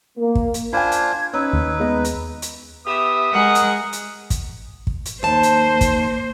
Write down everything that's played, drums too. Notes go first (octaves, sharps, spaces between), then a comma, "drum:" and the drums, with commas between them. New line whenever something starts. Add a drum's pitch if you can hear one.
A#3
drum: kick
drum: hi-hat
D4 F4 C5 G#5 B5 G#6
drum: hi-hat
C#4 D#4 B4 E6
D#2
G#3 B3 D#5
drum: hi-hat
drum: hi-hat
B3 G4 E5 D#6
G#3 G#4 A#4 D#5 F#5
drum: hi-hat
drum: hi-hat
drum: kick, hi-hat
drum: kick
drum: hi-hat
D#2 A#3 C5 A5
drum: hi-hat
drum: kick, hi-hat